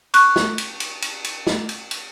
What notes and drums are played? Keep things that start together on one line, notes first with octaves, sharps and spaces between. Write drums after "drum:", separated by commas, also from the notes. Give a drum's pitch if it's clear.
C#6 F#6, drum: cymbal
drum: snare
drum: cymbal
drum: cymbal
drum: cymbal
drum: cymbal
drum: snare
drum: cymbal
drum: cymbal